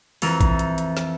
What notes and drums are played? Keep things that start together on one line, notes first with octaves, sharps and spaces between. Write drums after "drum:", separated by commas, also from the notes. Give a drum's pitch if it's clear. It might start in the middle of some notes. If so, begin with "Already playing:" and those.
F2 E3 A#4, drum: open hi-hat
drum: kick A1, hi-hat
drum: hi-hat
drum: hi-hat
drum: snare